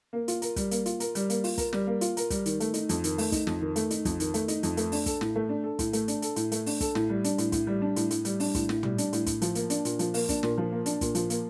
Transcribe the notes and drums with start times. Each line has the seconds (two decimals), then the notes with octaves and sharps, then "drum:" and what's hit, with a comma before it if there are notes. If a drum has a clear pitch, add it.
0.13 A#3
0.28 F4, drum: hi-hat
0.42 A#4, drum: hi-hat
0.56 G3, drum: kick, hi-hat
0.71 A#3, drum: hi-hat
0.86 F4, drum: hi-hat
1.00 A#4, drum: hi-hat
1.15 G3, drum: hi-hat
1.30 A#3, drum: hi-hat
1.44 F4, drum: open hi-hat
1.58 A#4, drum: kick, hi-hat
1.73 G3, drum: snare
1.87 A#3
2.01 F4, drum: hi-hat
2.17 A#4, drum: hi-hat
2.30 G3, drum: kick, hi-hat
2.46 D#3, drum: hi-hat
2.60 A3, drum: hi-hat
2.74 D#4, drum: hi-hat
2.89 F2, drum: hi-hat
3.04 D#3, drum: hi-hat
3.18 A3, drum: open hi-hat
3.32 D#4, drum: kick, hi-hat
3.47 F2, drum: snare
3.61 D#3
3.76 A3, drum: hi-hat
3.91 D#4, drum: hi-hat
4.05 F2, drum: kick, hi-hat
4.20 D#3, drum: hi-hat
4.34 A3, drum: hi-hat
4.48 D#4, drum: hi-hat
4.63 F2, drum: hi-hat
4.77 A3, drum: hi-hat
4.92 D4, drum: open hi-hat
5.06 A4, drum: kick, hi-hat
5.21 A2, drum: snare
5.36 A3
5.49 D4
5.64 A4
5.79 A2, drum: kick, hi-hat
5.93 A3, drum: hi-hat
6.08 D4, drum: hi-hat
6.22 A4, drum: hi-hat
6.36 A2, drum: hi-hat
6.52 A3, drum: hi-hat
6.66 D4, drum: open hi-hat
6.81 A4, drum: kick, hi-hat
6.95 A2, drum: snare
7.09 G3
7.24 D4, drum: hi-hat
7.38 A2, drum: hi-hat
7.52 A2, drum: kick, hi-hat
7.67 G3
7.82 D4
7.96 A2, drum: hi-hat
8.11 A2, drum: hi-hat
8.25 G3, drum: hi-hat
8.40 D4, drum: open hi-hat
8.55 A2, drum: kick, hi-hat
8.69 A2, drum: snare
8.83 G3, drum: tom
8.98 D4, drum: hi-hat
9.13 A2, drum: hi-hat
9.26 A2, drum: kick, hi-hat
9.42 F3, drum: hi-hat
9.55 A#3, drum: hi-hat
9.70 D4, drum: hi-hat
9.85 A#2, drum: hi-hat
9.99 F3, drum: hi-hat
10.14 A#3, drum: open hi-hat
10.29 D4, drum: kick, hi-hat
10.43 A#2, drum: snare
10.58 F3
10.72 A#3
10.86 D4, drum: hi-hat
11.01 A#2, drum: kick, hi-hat
11.15 F3, drum: hi-hat
11.30 A#3, drum: hi-hat